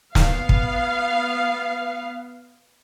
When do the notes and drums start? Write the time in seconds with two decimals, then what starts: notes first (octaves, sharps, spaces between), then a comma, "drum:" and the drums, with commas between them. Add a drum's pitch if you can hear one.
0.15 B3 F5, drum: snare
0.49 drum: kick